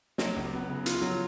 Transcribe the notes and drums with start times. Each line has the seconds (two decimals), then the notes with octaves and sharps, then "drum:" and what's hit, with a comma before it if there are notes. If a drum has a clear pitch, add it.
0.18 F#3, drum: snare
0.36 C#2
0.53 B3
0.69 C#3
0.86 F4, drum: hi-hat
1.01 F#3